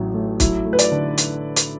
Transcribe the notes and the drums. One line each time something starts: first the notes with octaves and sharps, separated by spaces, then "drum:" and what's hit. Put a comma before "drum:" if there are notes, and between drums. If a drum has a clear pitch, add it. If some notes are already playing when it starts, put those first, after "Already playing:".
Already playing: A1 A2 F#3
A3
F#3 E4, drum: kick, hi-hat
A3
B4
D5, drum: hi-hat
D3
drum: hi-hat
drum: hi-hat